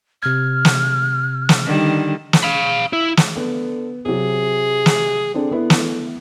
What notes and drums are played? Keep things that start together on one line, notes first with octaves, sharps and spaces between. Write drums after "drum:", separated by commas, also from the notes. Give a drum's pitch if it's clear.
C3 F6 G#6
drum: snare
drum: snare
D3 D#3 G3
drum: snare
F5 B5
E4
drum: snare
D3 B3
C3 F#3 G#4
drum: snare
D3 C4 D4 G#4
B3 E4 B4
drum: snare